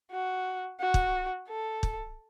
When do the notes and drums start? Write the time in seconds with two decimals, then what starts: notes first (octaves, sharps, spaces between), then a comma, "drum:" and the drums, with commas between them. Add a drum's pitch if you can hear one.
0.11 F#4
0.80 F#4
0.94 drum: kick
1.49 A4
1.83 drum: kick